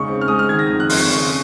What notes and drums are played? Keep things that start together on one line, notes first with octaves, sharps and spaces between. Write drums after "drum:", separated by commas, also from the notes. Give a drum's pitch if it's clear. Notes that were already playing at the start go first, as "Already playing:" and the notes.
Already playing: C#3 G#3 D#4 C#6
C4
F6
G#3 D#6
F6
D#3 G#6
A#6
F2
F#6
F2 C6, drum: open hi-hat
C#6
C#3 C#6